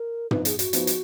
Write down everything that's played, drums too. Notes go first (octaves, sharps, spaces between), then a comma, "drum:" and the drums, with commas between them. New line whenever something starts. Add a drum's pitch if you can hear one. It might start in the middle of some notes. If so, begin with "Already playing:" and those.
Already playing: A#4
F3 B3 D#4 B4, drum: tom
G#4, drum: hi-hat
F#4, drum: hi-hat
F3 B3 D#4, drum: hi-hat
drum: hi-hat